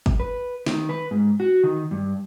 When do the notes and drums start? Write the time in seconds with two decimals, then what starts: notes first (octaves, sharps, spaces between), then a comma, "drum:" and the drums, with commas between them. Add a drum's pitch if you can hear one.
0.06 drum: kick
0.20 B4
0.66 D#3, drum: snare
0.89 B4
1.11 G#2
1.40 F#4
1.64 D#3
1.91 G2